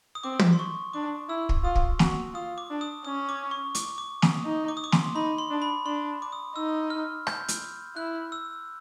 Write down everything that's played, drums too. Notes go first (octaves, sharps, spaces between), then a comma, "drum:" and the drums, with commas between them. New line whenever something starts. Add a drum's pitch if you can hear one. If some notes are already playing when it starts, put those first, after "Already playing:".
D#6
C4 D6
drum: tom
C6
C#6
D4 D6
E4 E6
drum: kick
F4 D#6
drum: kick
F#4, drum: snare
F4 D#6
D6
D4
D#6
C#4 D#6
D6
C#6
D6, drum: hi-hat
D6
D#6, drum: snare
D#4
D6
D#6
D6
C6, drum: snare
D#4 B5
C6
D4
B5
D4 C6
D6
D#6
D#4 E6
F6
G6, drum: rim click
drum: hi-hat
E4 F#6
E6